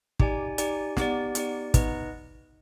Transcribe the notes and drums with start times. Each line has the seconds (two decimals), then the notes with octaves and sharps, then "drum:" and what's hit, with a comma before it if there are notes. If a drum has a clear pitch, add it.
0.20 D#4 G4 D5 G#5, drum: kick
0.58 D#4 G4 D5 G#5, drum: hi-hat
0.97 B3 D#4 G4 D5, drum: snare
1.35 B3 D#4 G4 D5, drum: hi-hat
1.74 B3 D#4 B4 D#5, drum: kick, hi-hat